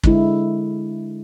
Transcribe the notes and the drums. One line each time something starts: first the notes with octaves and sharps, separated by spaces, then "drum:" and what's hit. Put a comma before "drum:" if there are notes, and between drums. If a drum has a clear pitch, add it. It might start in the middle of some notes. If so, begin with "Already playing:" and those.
D3 G#3 E4, drum: kick